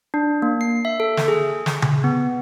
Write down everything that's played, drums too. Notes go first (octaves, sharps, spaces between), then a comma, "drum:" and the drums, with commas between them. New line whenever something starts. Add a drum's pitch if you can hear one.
D4
A#3
C7
E5
A4
drum: snare
G#4
drum: snare
drum: tom C#3
B3